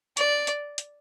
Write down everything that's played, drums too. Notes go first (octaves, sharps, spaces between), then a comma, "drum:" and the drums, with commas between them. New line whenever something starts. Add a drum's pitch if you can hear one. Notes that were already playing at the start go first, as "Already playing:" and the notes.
D5, drum: hi-hat
drum: hi-hat
drum: hi-hat